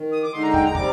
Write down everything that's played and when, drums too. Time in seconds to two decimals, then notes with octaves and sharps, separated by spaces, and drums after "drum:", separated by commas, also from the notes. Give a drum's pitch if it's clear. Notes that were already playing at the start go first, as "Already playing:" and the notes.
Already playing: D#3
0.12 D#6
0.23 D6
0.32 D3 G#3 D#4 C6
0.43 A#5
0.54 G5, drum: kick
0.65 A#5
0.75 C3 G3 D6, drum: kick